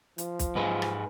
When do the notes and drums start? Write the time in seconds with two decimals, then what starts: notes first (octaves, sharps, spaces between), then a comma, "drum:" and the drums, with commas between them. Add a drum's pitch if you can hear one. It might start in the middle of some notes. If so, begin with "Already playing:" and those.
0.18 F3, drum: hi-hat
0.39 drum: kick, hi-hat
0.55 G#2 G#3 B4
0.82 drum: rim click